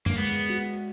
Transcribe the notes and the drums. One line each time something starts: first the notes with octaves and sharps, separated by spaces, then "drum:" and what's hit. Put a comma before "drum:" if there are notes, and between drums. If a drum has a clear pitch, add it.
A#3, drum: tom F#2
G#3 B3
drum: cymbal
F#4